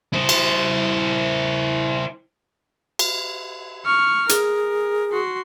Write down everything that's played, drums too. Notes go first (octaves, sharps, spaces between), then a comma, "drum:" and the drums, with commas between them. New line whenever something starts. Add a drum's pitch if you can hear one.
E4 C5
drum: cymbal
drum: cymbal
C#6 F6
G#4 A#4, drum: hi-hat
F#4 C6